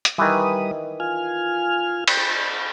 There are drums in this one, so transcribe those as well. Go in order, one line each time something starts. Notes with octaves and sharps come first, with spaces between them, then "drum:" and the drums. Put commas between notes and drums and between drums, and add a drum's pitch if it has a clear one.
drum: hi-hat
D#3 E3 G3 B4 D#6
F4 G#5 F6
drum: cymbal